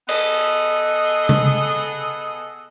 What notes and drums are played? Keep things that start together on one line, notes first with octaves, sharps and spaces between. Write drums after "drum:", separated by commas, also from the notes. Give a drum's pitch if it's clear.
B3 G#4 A4 D#5, drum: cymbal
drum: tom C3